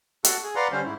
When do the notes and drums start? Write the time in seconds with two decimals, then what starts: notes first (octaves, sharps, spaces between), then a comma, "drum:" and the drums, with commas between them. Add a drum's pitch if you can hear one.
0.25 F#4 A4 F#5, drum: hi-hat
0.43 G#4
0.55 B4 D5 F5 F#5 A#5 C6
0.72 D3 G3 C#4 C5
0.85 G#2 E4